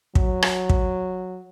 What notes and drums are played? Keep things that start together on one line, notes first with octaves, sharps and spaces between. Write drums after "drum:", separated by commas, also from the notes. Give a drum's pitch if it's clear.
F#3, drum: kick
drum: rim click
drum: kick